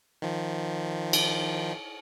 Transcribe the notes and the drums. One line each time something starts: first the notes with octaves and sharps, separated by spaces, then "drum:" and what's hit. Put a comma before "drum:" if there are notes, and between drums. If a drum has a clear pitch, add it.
D#3 F3
drum: cymbal